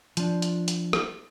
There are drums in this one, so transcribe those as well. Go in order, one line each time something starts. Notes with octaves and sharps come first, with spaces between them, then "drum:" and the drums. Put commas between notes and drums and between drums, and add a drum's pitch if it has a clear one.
F3 D4, drum: hi-hat
drum: hi-hat
drum: hi-hat
drum: rim click